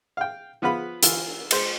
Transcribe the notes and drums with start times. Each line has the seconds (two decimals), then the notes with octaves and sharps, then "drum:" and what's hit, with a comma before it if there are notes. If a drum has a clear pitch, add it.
0.17 F5 G5
0.62 F3 B3 B4 F5 B5
1.03 E3 F4, drum: hi-hat
1.51 G#3 C5, drum: cymbal